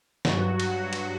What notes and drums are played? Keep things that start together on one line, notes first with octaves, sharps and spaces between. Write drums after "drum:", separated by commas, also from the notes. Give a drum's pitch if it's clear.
G2 F#3 F#4, drum: snare
F#4, drum: cymbal
drum: cymbal